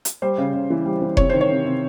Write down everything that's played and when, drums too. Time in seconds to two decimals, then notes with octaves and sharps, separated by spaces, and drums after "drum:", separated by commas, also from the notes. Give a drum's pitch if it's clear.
0.05 drum: hi-hat
0.22 G3 C5
0.38 C#3
0.54 C#3
0.70 E3
0.85 G3
1.02 E3
1.17 C3 C#5, drum: kick F1
1.30 D#3 C5
1.41 C#5
1.50 C3
1.65 C3